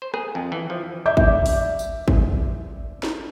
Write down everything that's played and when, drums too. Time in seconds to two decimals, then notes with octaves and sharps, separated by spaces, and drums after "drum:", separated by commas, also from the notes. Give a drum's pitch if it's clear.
0.02 C5
0.14 G#4, drum: rim click
0.35 F2
0.52 E3
0.70 F3
1.05 D5 E5 D6 G6
1.17 drum: kick
1.46 drum: open hi-hat
1.79 drum: tambourine
2.08 drum: kick
3.03 drum: snare